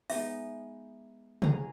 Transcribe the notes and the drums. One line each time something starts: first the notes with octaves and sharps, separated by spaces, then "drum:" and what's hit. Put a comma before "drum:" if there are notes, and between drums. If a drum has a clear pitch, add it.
G#3 B3 D#4 E5, drum: open hi-hat
G#4 A#5, drum: tom